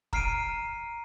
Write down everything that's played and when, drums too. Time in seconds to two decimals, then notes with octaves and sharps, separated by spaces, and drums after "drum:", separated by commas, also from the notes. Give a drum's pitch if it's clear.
0.13 A#5 F6 C7 D7 D#7, drum: kick